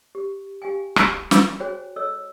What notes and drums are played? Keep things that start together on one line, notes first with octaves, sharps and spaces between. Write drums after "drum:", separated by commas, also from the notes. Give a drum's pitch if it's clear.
G4
G4 F5 G5 G#5
drum: rim click
A#4, drum: snare
F#4 G#4 C5 C#5 G5 G#5
A4 C#5 D#5 E6